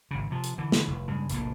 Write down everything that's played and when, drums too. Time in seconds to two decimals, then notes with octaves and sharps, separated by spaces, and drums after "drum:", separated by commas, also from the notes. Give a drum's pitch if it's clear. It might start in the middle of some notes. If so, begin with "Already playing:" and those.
0.11 G#1 C#3
0.31 C3 F3
0.44 drum: hi-hat
0.58 D3 E3
0.72 drum: snare
0.88 F1
1.08 G2 C#3 G#3
1.30 F1 A#1 A2, drum: hi-hat